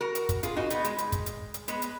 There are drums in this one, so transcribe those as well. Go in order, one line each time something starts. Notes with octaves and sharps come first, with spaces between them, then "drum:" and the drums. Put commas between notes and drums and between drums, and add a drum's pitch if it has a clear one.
F#4 A#4
drum: hi-hat
drum: kick, hi-hat
F4 G#4, drum: hi-hat
D#4 F#4
B3 D#4, drum: hi-hat
G#3, drum: hi-hat
drum: hi-hat
drum: kick, hi-hat
drum: hi-hat
drum: hi-hat
G#3 B3, drum: hi-hat
drum: hi-hat